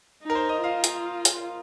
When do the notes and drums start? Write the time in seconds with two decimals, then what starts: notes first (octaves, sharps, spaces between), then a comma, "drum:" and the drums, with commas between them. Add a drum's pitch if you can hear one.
0.22 D#4
0.30 A#4
0.35 C5
0.49 D#5
0.63 F4 F5
0.84 drum: hi-hat
1.25 drum: hi-hat